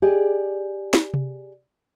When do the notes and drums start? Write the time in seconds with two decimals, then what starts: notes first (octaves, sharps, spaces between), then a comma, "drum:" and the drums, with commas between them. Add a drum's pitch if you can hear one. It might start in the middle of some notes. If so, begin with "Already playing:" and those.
0.02 G4 G#4 D5 D#5
0.94 drum: snare
1.14 drum: tom C3